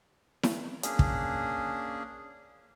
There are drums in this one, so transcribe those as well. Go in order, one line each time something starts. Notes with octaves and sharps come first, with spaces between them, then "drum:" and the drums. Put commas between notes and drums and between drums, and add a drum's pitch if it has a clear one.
drum: snare E4
A#3 C#4 D4 G#4, drum: hi-hat
drum: kick